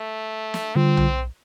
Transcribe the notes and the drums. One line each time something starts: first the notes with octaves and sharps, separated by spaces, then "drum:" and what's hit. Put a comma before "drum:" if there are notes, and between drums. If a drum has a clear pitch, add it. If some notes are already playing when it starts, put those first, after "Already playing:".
Already playing: A3
drum: snare
D3 G3 C4 D4 F4
drum: tom B1